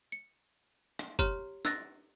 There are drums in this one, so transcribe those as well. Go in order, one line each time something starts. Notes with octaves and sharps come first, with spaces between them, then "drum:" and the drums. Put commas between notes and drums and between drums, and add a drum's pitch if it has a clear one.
C#7
drum: rim click
G4 C#5 A#5 C6 F6, drum: kick
E6 F#6 A6 A#6, drum: snare